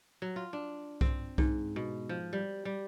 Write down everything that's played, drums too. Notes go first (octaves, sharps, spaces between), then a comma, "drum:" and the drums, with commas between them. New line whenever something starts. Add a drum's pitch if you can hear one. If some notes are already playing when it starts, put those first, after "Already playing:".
F#3
F4
D4
C4, drum: kick B1
G#2, drum: kick B1
B2
F3
G3
G3